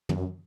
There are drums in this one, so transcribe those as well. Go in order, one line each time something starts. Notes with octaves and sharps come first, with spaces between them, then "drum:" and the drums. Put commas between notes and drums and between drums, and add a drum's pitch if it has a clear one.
F#2, drum: tom